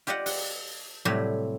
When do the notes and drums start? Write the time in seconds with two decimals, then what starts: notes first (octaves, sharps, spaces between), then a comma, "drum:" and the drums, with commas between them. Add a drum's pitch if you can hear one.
0.07 F4 G4 D5 D#5 F#5
0.26 F#5, drum: open hi-hat
1.05 A2 C3 F#3 G3 A3